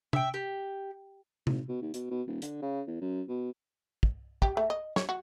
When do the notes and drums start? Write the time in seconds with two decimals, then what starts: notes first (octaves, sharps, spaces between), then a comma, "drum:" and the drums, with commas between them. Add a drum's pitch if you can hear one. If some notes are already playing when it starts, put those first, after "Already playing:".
0.13 E5 G5, drum: tom
0.34 G4
1.47 G#1, drum: tom C3
1.69 B2
1.82 D#2
1.94 B2, drum: hi-hat
2.10 B2
2.27 D#1
2.42 D3, drum: hi-hat
2.62 C#3
2.87 E2
3.01 F#2
3.28 B2
4.03 drum: kick
4.42 G4, drum: kick
4.57 A3
4.70 D#5
4.96 C#5, drum: snare
5.09 F#4